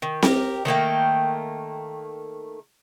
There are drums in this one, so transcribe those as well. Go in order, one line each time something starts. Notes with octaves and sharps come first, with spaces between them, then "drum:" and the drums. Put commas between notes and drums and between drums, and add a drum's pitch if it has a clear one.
D#3
G4 A#4, drum: snare C4
D#3 A3 A#3 G5